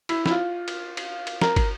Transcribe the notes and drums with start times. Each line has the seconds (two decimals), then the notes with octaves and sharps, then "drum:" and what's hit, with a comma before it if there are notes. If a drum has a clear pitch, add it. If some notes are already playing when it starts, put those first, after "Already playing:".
0.09 E4, drum: cymbal
0.26 E4, drum: snare
0.31 F4
0.68 drum: cymbal
0.97 drum: cymbal
1.27 drum: cymbal
1.41 A#4, drum: snare
1.56 drum: kick, cymbal